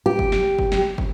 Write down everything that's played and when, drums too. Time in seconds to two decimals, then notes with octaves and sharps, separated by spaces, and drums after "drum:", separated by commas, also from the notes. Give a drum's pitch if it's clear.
0.06 G4
0.19 drum: kick
0.32 drum: snare
0.59 drum: kick
0.72 drum: snare
0.98 drum: kick